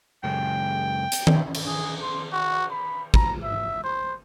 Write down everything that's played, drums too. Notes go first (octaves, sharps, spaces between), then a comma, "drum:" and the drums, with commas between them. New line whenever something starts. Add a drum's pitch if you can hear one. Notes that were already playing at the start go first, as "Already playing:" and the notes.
F#2 C#3 G#3 G5
drum: hi-hat
drum: tom D#3
drum: cymbal
G#4
C6
F#4
B5
A#5, drum: kick
E5
C5